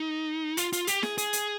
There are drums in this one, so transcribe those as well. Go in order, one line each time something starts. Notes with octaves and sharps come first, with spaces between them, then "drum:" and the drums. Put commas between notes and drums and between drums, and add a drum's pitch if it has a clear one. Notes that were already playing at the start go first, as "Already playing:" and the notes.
Already playing: D#4
F4, drum: hi-hat
F4, drum: hi-hat
G4, drum: hi-hat
G#4, drum: snare
G#4, drum: hi-hat
drum: hi-hat